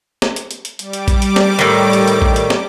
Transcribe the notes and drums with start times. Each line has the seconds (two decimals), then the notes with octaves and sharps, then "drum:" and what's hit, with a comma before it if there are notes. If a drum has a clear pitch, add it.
0.22 drum: snare
0.36 drum: hi-hat
0.51 drum: hi-hat
0.65 drum: hi-hat
0.79 G3 D6, drum: hi-hat
0.93 drum: hi-hat
1.08 drum: kick A#1, hi-hat
1.22 drum: hi-hat
1.36 drum: snare
1.59 A2 D#3
1.93 drum: hi-hat
2.08 drum: hi-hat
2.22 drum: kick A#1
2.36 drum: hi-hat
2.50 drum: snare